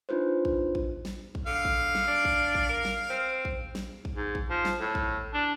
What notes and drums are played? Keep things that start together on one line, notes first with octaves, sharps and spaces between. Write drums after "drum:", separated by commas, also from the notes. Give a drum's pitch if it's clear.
D4 D#4 F4 B4 C5
drum: kick
drum: kick
drum: snare
drum: kick
D3 F5
drum: kick
drum: snare
D4
drum: kick
drum: kick
A#4
drum: snare
C4
drum: kick
drum: snare
drum: kick
G#2
drum: kick
F3
drum: snare
A2
drum: kick
D4